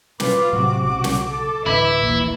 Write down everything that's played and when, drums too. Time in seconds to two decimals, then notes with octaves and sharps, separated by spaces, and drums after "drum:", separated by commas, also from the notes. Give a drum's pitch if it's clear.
0.20 F4 B4 D6, drum: snare
0.53 A2 C3 F#3 F#4
0.84 B1 C#3 F#4
1.04 drum: snare
1.30 A4
1.66 A1 D2 D3 E4 B4 E5
2.02 D#1 A#1 A#2 E3